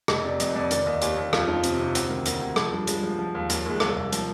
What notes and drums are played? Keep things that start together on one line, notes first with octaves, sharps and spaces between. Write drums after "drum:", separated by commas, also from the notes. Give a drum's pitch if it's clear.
F1 D#5, drum: rim click
C3 D5
F2 D#5, drum: hi-hat
F2 D5
D#3 D5, drum: hi-hat
D#2 D#5
D#2 G4, drum: hi-hat
D#2
F2 F4, drum: rim click
F3 D#4
C3 C4, drum: hi-hat
C3
D2 C4, drum: hi-hat
D#3
D2 A#3, drum: hi-hat
D2
F3, drum: rim click
G2
F3 G#3, drum: hi-hat
F3
F3
D#2
D#2 A#3, drum: hi-hat
D#2 G#3
C2 A#3, drum: rim click
C2
F3, drum: hi-hat